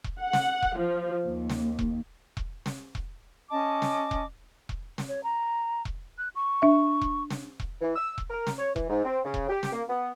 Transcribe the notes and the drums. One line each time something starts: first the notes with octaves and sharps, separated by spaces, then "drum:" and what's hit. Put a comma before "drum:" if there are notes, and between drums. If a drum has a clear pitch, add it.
drum: kick E1
F#5
drum: snare
drum: kick E1
F3
D#2
drum: snare
drum: kick E1
drum: kick E1
drum: snare
drum: kick E1
C#4 D#5 A5 D6
drum: snare
drum: kick E1
drum: kick E1
drum: snare
C#5
A#5
drum: kick E1
F#6
C#6
D4 E5
drum: kick E1
drum: snare
drum: kick E1
E3
E6
drum: kick E1
A#4
drum: snare
C#5
E3, drum: kick E1
G#2
C4
C#3
drum: kick E1
G4
drum: snare
A#3
B3